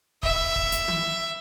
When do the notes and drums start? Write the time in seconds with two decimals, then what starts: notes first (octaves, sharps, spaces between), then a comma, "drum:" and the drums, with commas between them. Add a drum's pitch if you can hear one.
0.23 E5, drum: kick
0.56 drum: kick
0.72 drum: hi-hat
0.88 drum: tom